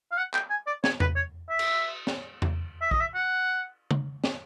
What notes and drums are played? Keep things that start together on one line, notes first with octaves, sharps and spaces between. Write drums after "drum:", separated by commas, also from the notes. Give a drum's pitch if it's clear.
F5
F#5
G5, drum: clap
G#5
D5
C#5, drum: snare
B4, drum: tom E2
C#5
E5
drum: cymbal
drum: snare
drum: tom E2
E5
D#5, drum: kick
E5
F#5
drum: tom C#3
drum: snare